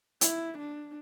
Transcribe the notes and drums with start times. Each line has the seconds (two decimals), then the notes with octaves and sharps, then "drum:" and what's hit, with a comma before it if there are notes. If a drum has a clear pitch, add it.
0.21 E4, drum: hi-hat
0.59 D4